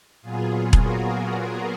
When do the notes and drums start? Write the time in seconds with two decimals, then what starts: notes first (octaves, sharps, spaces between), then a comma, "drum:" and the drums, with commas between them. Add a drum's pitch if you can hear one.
0.21 A#2 F#3 B3 F4 G#4
0.73 F#4 A#4, drum: kick E1